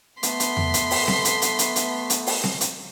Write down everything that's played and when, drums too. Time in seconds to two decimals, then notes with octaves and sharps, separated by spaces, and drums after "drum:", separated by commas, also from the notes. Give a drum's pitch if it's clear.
0.23 A3 B3 C6 B6, drum: hi-hat
0.40 drum: hi-hat
0.57 drum: tom E2
0.74 drum: hi-hat
0.91 drum: open hi-hat
1.08 drum: snare C4
1.25 drum: hi-hat
1.42 drum: hi-hat
1.59 drum: hi-hat
1.76 drum: hi-hat
2.10 drum: hi-hat
2.27 drum: open hi-hat
2.44 drum: snare C4
2.61 drum: hi-hat